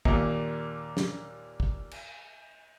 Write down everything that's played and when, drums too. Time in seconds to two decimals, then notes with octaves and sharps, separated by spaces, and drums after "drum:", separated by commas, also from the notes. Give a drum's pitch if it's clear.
0.05 D#2 A#2, drum: kick
0.97 drum: snare
1.60 drum: kick
1.91 drum: cymbal